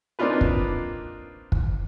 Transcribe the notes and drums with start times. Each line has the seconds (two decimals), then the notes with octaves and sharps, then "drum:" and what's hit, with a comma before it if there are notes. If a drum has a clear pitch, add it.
0.19 A#3 C4 D4 D#4 F4 B4
0.41 drum: kick
1.52 drum: kick